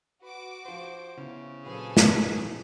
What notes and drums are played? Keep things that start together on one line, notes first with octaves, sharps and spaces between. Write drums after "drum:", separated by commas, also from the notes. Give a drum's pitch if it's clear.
F#4 B4 D6
F3 F4 C5
C#3 B3 E4
A#2 F#3 C4 G#4 A4 B4
drum: snare